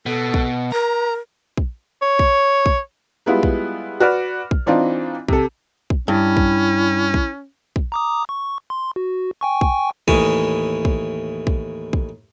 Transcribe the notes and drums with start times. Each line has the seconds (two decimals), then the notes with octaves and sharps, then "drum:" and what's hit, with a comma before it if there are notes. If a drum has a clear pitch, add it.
0.06 B2 A4
0.34 drum: kick
0.72 A#4 A#5
1.57 drum: kick
2.02 C#5
2.19 drum: kick
2.66 drum: kick
3.26 G3 G#3 B3 E4 F4
3.43 drum: kick
4.00 F#4 B4 D5 F6
4.51 drum: kick
4.66 E3 C4 D4 D#4 F4
5.28 C3 A4, drum: kick
5.90 drum: kick
6.08 G2 C#4 E4
6.37 drum: kick
7.14 drum: kick
7.76 drum: kick
7.92 A#5 D6 D#6
8.29 C#6
8.70 C6
8.96 F#4
9.41 G5 G#5 C#6
9.61 drum: kick
10.08 D#2 A2 E3 C#6 D#6, drum: kick
10.85 drum: kick
11.47 drum: kick
11.93 drum: kick